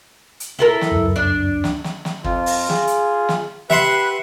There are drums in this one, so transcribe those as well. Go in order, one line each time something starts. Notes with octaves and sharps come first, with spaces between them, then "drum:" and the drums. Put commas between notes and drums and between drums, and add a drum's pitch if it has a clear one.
drum: hi-hat
E4 A4 A#4
drum: snare
C#2 F#2
D4
drum: snare
drum: snare
drum: snare
F2 F4, drum: kick
drum: open hi-hat
G#4, drum: snare
drum: hi-hat
drum: snare
G4 B4 E5 F#5 C6, drum: snare